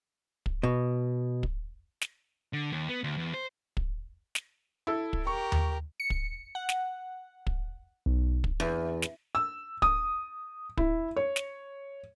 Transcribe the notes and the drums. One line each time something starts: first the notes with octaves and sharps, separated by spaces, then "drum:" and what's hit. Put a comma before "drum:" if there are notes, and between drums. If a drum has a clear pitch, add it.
drum: kick
B2
drum: kick
drum: snare
D3
D#2
B3
D2
E2
C5
drum: kick
drum: snare
E4 A4
drum: kick
G4 A#4 C#6
drum: tom D#2
C#7
drum: kick
F#5
drum: snare
drum: kick
B1
drum: kick
E2
drum: snare
E6
D#6, drum: kick
E4, drum: kick
C#5
drum: snare